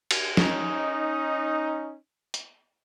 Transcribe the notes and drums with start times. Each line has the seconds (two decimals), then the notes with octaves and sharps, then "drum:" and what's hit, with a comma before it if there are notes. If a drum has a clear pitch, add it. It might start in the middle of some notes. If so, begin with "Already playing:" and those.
0.11 drum: cymbal
0.37 C#4 D#4, drum: snare F3
2.34 drum: hi-hat